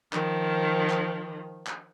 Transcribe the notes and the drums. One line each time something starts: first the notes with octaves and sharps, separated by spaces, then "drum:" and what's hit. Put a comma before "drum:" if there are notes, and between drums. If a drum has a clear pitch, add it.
D#3 F3, drum: clap
drum: clap
drum: clap